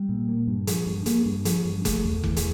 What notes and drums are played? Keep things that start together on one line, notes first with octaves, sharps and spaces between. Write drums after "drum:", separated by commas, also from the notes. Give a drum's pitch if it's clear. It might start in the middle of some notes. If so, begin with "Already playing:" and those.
Already playing: G3
A#2
A#3
G2
F3, drum: hi-hat
G2
A#3, drum: hi-hat
G2
F3, drum: hi-hat
G2
A3, drum: kick F1, hi-hat
E2
E3, drum: kick F1
drum: hi-hat